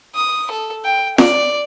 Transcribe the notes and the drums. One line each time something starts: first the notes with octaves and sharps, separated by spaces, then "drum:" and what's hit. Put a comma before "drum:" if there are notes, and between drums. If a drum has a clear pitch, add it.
D#6
A4
G5
D5, drum: snare